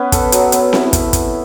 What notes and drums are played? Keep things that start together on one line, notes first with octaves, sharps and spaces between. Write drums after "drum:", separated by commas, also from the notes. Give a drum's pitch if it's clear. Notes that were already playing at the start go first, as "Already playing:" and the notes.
Already playing: B3 C#4 B4
A4, drum: kick, hi-hat
F#3, drum: hi-hat
B3, drum: hi-hat
E4, drum: snare C4
drum: kick, hi-hat
drum: kick, hi-hat